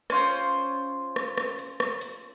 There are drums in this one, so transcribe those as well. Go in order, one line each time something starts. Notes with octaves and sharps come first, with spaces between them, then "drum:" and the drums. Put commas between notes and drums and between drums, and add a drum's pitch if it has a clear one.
C#4 F4 C5, drum: rim click
drum: hi-hat
drum: rim click
drum: rim click
drum: hi-hat
drum: rim click
drum: hi-hat